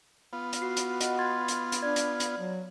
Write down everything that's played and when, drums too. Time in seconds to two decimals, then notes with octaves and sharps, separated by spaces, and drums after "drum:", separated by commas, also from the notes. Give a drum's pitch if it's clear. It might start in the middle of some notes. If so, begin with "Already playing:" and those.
0.33 B3 F4
0.53 drum: hi-hat
0.62 F#4 C7
0.77 drum: hi-hat
1.00 D#5 F#5, drum: hi-hat
1.19 C6 G#6 A6
1.48 drum: hi-hat
1.72 drum: hi-hat
1.82 D4 D5 G#6
1.96 drum: hi-hat
2.20 drum: hi-hat
2.39 F#3